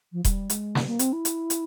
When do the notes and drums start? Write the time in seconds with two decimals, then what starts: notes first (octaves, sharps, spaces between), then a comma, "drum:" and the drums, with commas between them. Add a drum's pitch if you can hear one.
0.12 F3
0.25 G3, drum: kick D#1, hi-hat
0.50 G#3, drum: hi-hat
0.75 A#3, drum: snare
0.87 A#3
0.99 C4, drum: hi-hat
1.12 E4
1.25 drum: hi-hat
1.50 drum: hi-hat